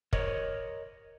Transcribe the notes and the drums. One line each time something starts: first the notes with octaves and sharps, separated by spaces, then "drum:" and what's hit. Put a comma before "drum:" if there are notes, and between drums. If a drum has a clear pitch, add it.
A#4 C#5 D#5, drum: kick